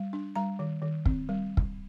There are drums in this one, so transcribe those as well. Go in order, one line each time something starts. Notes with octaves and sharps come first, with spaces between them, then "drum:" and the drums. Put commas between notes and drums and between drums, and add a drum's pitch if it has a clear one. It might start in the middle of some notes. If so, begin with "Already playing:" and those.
Already playing: G3
D4
G3 A#5
D#3
D#3
C4, drum: kick
G3
drum: kick